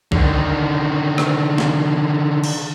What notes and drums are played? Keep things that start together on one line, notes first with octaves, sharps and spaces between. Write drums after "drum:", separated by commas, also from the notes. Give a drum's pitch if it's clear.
D3 D#3, drum: kick A#1
drum: rim click
drum: snare
drum: cymbal